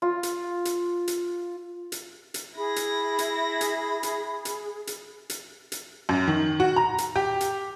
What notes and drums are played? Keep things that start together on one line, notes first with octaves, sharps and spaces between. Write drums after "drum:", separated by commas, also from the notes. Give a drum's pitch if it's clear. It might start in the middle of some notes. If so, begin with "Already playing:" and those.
F4
drum: hi-hat
drum: hi-hat
drum: hi-hat
drum: hi-hat
drum: hi-hat
E4 G#4 B5 A#6
drum: hi-hat
drum: hi-hat
drum: hi-hat
drum: hi-hat
drum: hi-hat
drum: hi-hat
drum: hi-hat
drum: hi-hat
F#2
D#3
F#4
A#5
drum: hi-hat
G4
drum: hi-hat